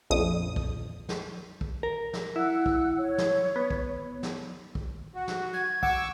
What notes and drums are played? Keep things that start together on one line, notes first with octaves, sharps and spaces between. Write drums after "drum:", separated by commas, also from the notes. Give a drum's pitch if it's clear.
A#1 F2 D#6
drum: kick
drum: snare
drum: kick
A#4
drum: snare
E4 F#5 E6 F#6
drum: kick
C#5
drum: snare
B3
drum: kick
drum: snare
drum: kick
F#4
drum: snare
G#6
F#5 C#6 D6 E6, drum: kick